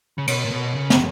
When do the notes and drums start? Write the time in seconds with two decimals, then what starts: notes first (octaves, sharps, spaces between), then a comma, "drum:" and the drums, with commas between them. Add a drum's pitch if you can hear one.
0.18 C#3
0.27 B2, drum: cymbal
0.45 A#2
0.51 B2
0.75 C#3
0.90 drum: snare